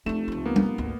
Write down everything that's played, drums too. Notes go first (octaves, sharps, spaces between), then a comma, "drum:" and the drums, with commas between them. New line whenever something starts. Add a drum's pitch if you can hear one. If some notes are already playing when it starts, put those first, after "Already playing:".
F1 A3 C4 D4 E7
C#2 F3
A#3 B3
drum: tom G3
G#1 D2